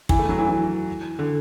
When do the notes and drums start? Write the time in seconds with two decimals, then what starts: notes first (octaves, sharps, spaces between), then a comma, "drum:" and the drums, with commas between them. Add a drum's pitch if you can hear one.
0.09 E3, drum: kick
0.19 A3
0.29 F#3
0.38 E3
0.49 E3
1.19 D3